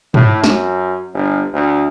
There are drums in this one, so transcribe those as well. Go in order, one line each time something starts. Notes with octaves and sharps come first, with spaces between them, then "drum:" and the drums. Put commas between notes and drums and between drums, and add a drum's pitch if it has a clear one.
A2, drum: tom
F#2, drum: snare
G1
D2